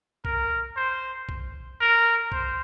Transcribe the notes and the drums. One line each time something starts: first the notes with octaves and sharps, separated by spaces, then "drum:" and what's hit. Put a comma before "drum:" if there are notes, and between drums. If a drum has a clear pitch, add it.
A#4, drum: kick
C5
drum: kick
A#4
C5, drum: kick